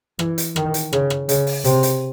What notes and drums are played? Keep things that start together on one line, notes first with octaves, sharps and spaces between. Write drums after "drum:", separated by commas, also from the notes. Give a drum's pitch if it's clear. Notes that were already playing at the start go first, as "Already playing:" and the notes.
E3, drum: rim click
drum: hi-hat
D#3, drum: rim click
drum: hi-hat
C#3, drum: rim click
drum: rim click
C#3, drum: hi-hat
drum: open hi-hat
C3, drum: hi-hat
drum: hi-hat